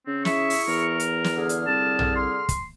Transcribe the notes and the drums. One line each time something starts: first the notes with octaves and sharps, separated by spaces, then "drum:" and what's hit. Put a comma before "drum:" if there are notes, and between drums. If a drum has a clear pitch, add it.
C#3 C4
E4 G#4 E5 C#6, drum: snare
drum: open hi-hat
E2 A#4
drum: hi-hat
drum: snare
D3 G#4 F6
drum: hi-hat
C2 A5
drum: tom A#1
C6
drum: kick, hi-hat